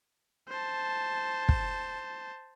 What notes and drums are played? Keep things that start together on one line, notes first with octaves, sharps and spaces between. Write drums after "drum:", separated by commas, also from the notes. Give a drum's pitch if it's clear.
C5 A5
drum: kick